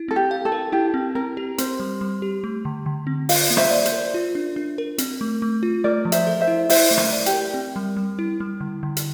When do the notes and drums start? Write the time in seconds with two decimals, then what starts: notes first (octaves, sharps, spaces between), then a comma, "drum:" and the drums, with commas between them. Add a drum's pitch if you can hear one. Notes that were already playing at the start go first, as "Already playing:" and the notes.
Already playing: E4
0.08 C4 A4
0.16 G4
0.31 F5
0.45 A4
0.52 A#4
0.72 E4 G4
0.94 C4
1.15 C4 A#4
1.37 G4
1.58 C4 C5, drum: hi-hat
1.80 G3
2.01 G3
2.22 G4
2.44 A3
2.65 D3
2.86 D3
3.07 C4
3.29 F4 D5 F5, drum: open hi-hat
3.50 A#3
3.57 C5 E5, drum: rim click
3.71 D5
3.85 C5, drum: hi-hat
3.92 A#4
4.14 F4
4.35 D4
4.56 D4
4.78 A#4
4.98 C4, drum: hi-hat
5.21 A3
5.42 A3
5.63 F4
5.84 A3 A#4 D5
6.05 F3
6.12 C5 E5, drum: hi-hat
6.27 A4
6.41 C5 E5
6.48 E4
6.70 E4 C5 E5, drum: open hi-hat
6.91 A3
6.98 A#4, drum: rim click
7.13 D5
7.26 G4, drum: hi-hat
7.33 A#4
7.54 C4
7.76 G3
7.97 G3
8.19 E4
8.40 G3
8.61 D3
8.83 D3
8.97 drum: hi-hat